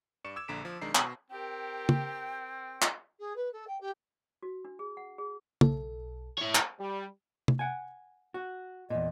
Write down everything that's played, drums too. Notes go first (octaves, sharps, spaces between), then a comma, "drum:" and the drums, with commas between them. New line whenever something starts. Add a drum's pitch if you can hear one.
G2 D5 C#6 C#7 E7
D6 E6 G#6 E7
A#1 D3 A#5 B6 D7 E7
F3
B1 D#3 G#3 D4 A#5 C7
B2 B5 C#6, drum: clap
C4 G4 A#4 G5
drum: tom
drum: clap
G#4
B4
A4
G5
G4
F#4
D4
G#4
F#5
G#4
B1 A4, drum: tom
E4 C#5
drum: clap
G3
drum: tom
F#5 G#5
F#4
E2 A#2 D#5